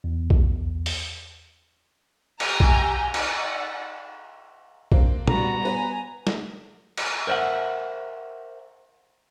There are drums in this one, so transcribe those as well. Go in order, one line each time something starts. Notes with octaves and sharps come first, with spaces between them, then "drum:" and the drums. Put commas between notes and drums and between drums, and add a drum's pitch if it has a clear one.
E2
drum: kick B1
drum: open hi-hat
G4 G5 G#5 A#5, drum: cymbal
drum: kick B1
D#4 D5 F#5, drum: cymbal
A#3 C4 D4, drum: kick B1
G3 B3 F#4 A#5, drum: tom A#2
B3 B4 G#5
drum: snare
drum: cymbal
A#4 C5 D5 E5 F#5